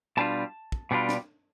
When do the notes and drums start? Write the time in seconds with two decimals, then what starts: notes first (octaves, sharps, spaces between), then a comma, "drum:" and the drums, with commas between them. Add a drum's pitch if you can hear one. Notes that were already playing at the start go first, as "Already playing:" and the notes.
0.17 B2 G3 D4 F4 A5
0.72 drum: kick
0.91 B2 G3 D4 F4
1.09 drum: snare